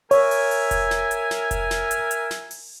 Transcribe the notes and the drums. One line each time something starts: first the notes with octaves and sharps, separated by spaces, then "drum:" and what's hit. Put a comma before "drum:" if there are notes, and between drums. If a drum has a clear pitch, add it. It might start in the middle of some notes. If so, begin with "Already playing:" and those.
A#4 C#5 E5 G#5, drum: open hi-hat
drum: open hi-hat
drum: open hi-hat
drum: kick F1, hi-hat
drum: snare
drum: hi-hat
drum: snare
drum: kick F1, hi-hat
drum: snare
drum: hi-hat
drum: hi-hat
drum: snare
drum: open hi-hat